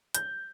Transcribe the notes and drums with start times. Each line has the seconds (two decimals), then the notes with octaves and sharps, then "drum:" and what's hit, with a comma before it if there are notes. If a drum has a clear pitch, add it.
0.14 G6, drum: hi-hat